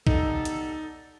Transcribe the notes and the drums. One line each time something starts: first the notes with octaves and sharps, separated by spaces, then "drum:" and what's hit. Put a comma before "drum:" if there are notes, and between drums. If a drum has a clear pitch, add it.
G3 B3 D#4 A4, drum: kick
drum: hi-hat